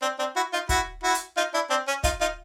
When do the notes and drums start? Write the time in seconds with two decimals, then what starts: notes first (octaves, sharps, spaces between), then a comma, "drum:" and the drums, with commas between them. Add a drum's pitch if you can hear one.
0.02 C4 D4
0.19 C4 D4
0.36 E4 F#4
0.53 D#4 F4
0.69 E4 F#4, drum: kick, hi-hat
1.03 E4 F#4
1.14 drum: hi-hat
1.37 D#4 F4
1.54 D4 E4
1.70 C4 D4
1.88 C#4
2.04 D#4 F4, drum: kick, hi-hat
2.21 D#4 F4